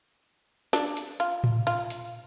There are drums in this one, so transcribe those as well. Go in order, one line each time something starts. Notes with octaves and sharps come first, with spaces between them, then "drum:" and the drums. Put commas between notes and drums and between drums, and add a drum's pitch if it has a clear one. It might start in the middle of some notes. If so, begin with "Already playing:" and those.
D4, drum: snare
drum: hi-hat
F4, drum: hi-hat
drum: tom A2
F4, drum: hi-hat
drum: hi-hat